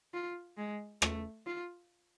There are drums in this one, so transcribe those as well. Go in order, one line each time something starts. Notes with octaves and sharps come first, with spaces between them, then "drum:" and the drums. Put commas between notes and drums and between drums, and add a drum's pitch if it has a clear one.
F4
G#3
A3, drum: rim click
F4